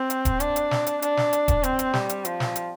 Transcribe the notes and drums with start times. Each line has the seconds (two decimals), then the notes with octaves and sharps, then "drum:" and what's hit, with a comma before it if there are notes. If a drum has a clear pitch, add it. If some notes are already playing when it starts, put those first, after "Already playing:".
Already playing: C4
0.10 drum: hi-hat
0.25 drum: kick D#1, hi-hat
0.40 D4, drum: hi-hat
0.56 drum: hi-hat
0.71 drum: snare
0.87 drum: hi-hat
1.02 D4, drum: hi-hat
1.17 drum: snare
1.33 drum: hi-hat
1.48 drum: kick D#1, hi-hat
1.63 C4, drum: hi-hat
1.79 drum: hi-hat
1.93 G3, drum: snare
2.09 drum: hi-hat
2.25 F3, drum: hi-hat
2.40 drum: snare
2.56 drum: hi-hat